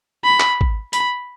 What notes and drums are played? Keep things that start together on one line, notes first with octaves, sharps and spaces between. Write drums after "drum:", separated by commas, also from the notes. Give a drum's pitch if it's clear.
B5
drum: clap
drum: kick
B5, drum: hi-hat